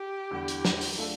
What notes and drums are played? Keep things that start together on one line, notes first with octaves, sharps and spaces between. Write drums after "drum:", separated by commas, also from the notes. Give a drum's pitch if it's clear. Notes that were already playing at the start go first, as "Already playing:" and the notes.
Already playing: G4
E2 D3 G3
drum: hi-hat
drum: snare
drum: open hi-hat
A3 D4 F4 A4